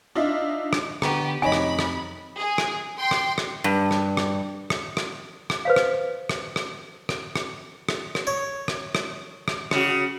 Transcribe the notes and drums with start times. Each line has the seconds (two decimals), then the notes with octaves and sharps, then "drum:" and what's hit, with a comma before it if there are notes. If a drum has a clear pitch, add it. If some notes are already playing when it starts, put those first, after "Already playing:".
0.15 D4 D#4 F4 D#5 E5
0.73 drum: rim click
1.02 D3 B3 G4 A#5 C#6, drum: rim click
1.42 F2 C3 D#4 C#5 D#5 G#5 B5
1.52 drum: rim click
1.79 drum: rim click
2.37 G#4
2.58 drum: rim click
2.98 G5 C6
3.11 drum: rim click
3.38 drum: rim click
3.64 G2
3.91 drum: rim click
4.17 drum: rim click
4.70 drum: rim click
4.97 drum: rim click
5.50 drum: rim click
5.65 B4 C5 F5
5.76 drum: rim click
6.29 drum: rim click
6.56 drum: rim click
7.09 drum: rim click
7.36 drum: rim click
7.89 drum: rim click
8.15 drum: rim click
8.27 C#5
8.68 drum: rim click
8.95 drum: rim click
9.48 drum: rim click
9.71 C#3 F#4, drum: rim click